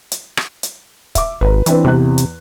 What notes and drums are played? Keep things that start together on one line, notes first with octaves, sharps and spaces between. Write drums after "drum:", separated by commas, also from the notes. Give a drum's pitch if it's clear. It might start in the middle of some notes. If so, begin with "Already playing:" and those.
drum: hi-hat
drum: rim click
drum: hi-hat
E5 D6, drum: kick, hi-hat
G#1 B4 A#5
E3 C4 D4 B4, drum: hi-hat
E2 C3 E3 F#6
drum: hi-hat